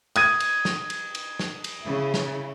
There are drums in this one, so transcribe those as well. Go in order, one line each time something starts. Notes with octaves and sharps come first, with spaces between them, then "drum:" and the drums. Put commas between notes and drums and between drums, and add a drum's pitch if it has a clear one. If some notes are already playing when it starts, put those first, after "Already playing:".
D#6 G#6 D#7, drum: cymbal
drum: cymbal
drum: snare
drum: cymbal
drum: cymbal
drum: snare
drum: cymbal
C#3 E4
drum: snare